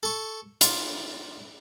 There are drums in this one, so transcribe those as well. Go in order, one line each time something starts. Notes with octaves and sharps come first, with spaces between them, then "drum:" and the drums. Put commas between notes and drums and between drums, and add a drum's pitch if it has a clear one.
A4 C#6
F4, drum: hi-hat